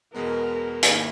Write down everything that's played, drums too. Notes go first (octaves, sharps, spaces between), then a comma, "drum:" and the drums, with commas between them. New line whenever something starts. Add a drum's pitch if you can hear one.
E2 B2 G#3 B3 A#4
G#2 D#3 A#3 E4 G4, drum: hi-hat